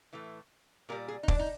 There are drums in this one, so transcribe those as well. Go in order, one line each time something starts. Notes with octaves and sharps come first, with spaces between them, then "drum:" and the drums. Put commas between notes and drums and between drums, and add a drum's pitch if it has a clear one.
A2 E3 A3
A#2 G3 A#4
G#4
D#4
D4, drum: kick
D#4